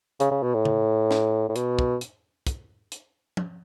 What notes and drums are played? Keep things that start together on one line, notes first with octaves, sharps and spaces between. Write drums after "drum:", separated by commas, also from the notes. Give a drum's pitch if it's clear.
C#3, drum: hi-hat
C#3
B2
A2
drum: tom C#3
drum: snare
A2
B2, drum: hi-hat
drum: kick
drum: hi-hat
drum: kick, hi-hat
drum: hi-hat
drum: tom